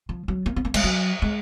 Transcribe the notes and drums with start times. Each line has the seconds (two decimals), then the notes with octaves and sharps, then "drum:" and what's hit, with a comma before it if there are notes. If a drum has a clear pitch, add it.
0.09 F3
0.28 F#3
0.46 A#3
0.56 B3
0.65 A#3
0.74 G#3, drum: cymbal
0.84 F#3
1.22 G#3